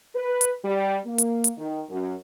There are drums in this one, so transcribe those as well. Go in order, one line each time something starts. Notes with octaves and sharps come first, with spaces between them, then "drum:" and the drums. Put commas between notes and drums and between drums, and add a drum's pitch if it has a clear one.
B4
drum: hi-hat
G3
A#3
drum: hi-hat
drum: hi-hat
D#3
F#2